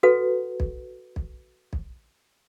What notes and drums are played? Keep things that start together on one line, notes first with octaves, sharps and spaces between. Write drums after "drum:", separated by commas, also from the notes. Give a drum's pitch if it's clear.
F#4 A4 B4 F#5
drum: kick B1
drum: kick B1
drum: kick B1